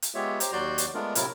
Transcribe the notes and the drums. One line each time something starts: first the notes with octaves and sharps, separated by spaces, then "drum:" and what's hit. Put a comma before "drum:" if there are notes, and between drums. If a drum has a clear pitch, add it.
drum: hi-hat
G#3 B3 F4 G4 C#5 E5
G4 C5 A#5, drum: hi-hat
D#2 F#3 F#4 D5 C6 G6
drum: hi-hat
G#3 A3 B3 D4 F4 A#4
A2 C3 F#3 E4 F4 A#4, drum: hi-hat